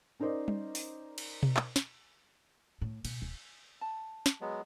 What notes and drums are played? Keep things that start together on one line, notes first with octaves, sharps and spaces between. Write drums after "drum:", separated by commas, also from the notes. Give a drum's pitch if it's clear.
C#4 D#4 A#4 C5 D5 D#5
drum: tom G3
drum: open hi-hat
drum: cymbal
drum: tom B2
drum: clap
drum: snare
A2
B2, drum: cymbal
D1
A5
drum: snare
F#3 G#3 B3